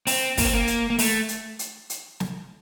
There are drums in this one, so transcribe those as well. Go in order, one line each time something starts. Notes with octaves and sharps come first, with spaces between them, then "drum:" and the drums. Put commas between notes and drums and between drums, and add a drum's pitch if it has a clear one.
C4, drum: open hi-hat
A#3, drum: kick, open hi-hat
C4
A#3
drum: hi-hat
A#3
A3, drum: open hi-hat
drum: hi-hat
drum: hi-hat
drum: hi-hat
drum: snare